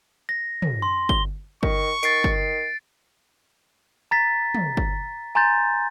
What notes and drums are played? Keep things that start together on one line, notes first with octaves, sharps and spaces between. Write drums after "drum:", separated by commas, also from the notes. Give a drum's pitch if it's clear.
A#6
drum: tom
C6
G7, drum: kick G1
D#3 C#6, drum: kick G1
D#3 A6 C7 D7, drum: hi-hat
drum: kick G1
A#5 A6 B6
drum: tom
drum: kick G1
G#5 A#5 C6 G6 A6